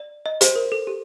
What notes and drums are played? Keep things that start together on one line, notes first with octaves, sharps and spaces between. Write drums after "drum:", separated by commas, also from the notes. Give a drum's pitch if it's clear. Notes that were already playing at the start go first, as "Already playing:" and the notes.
Already playing: D5
D#5
C5, drum: hi-hat
A#4
A4
G4